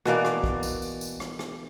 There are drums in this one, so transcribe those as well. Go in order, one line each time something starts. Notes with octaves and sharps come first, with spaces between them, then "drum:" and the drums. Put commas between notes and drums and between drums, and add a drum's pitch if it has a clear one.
B2 E3 A#3 D5, drum: rim click
drum: rim click
drum: kick
drum: tambourine
drum: tambourine
drum: tambourine
drum: rim click
drum: rim click